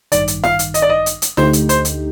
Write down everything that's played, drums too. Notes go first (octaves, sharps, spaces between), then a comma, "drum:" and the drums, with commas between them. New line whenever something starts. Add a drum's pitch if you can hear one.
A1 G2 D#3 D5, drum: hi-hat
drum: hi-hat
F5, drum: snare
drum: hi-hat
D#5, drum: hi-hat
D5
D#5
drum: hi-hat
drum: hi-hat
D2 D3 A3 D#4 G4 C5, drum: snare
drum: hi-hat
C5, drum: hi-hat
drum: hi-hat